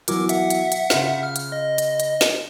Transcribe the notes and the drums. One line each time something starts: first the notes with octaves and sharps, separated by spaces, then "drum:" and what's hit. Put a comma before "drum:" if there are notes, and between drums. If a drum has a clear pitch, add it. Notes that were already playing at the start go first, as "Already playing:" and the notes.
B2 E3 F#3 A#4 D6, drum: hi-hat
E5 F#5, drum: hi-hat
drum: hi-hat
drum: hi-hat
C#3 F4, drum: snare
F6
drum: hi-hat
D#5
drum: hi-hat
drum: hi-hat
drum: snare